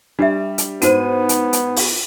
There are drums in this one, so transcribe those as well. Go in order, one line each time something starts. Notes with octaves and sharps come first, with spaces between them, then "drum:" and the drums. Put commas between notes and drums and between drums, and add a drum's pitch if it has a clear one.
G3 D4 G4 E5
drum: hi-hat
G#2 B3 F#4 C5 D#7, drum: hi-hat
drum: hi-hat
drum: hi-hat
drum: open hi-hat